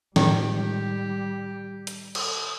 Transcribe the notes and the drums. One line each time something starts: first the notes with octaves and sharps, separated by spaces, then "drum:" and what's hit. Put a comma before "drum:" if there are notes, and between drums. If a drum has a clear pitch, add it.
A2 D#3 G3 G#3 G4, drum: snare
drum: hi-hat
drum: cymbal